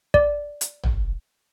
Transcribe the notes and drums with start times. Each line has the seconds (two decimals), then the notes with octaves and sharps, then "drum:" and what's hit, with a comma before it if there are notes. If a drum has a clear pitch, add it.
0.14 D5, drum: kick
0.61 drum: hi-hat
0.84 drum: tom